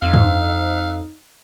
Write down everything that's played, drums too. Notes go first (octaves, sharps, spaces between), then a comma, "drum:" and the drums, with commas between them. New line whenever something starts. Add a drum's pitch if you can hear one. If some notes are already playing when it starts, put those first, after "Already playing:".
F2 D#4 F5
drum: tom G2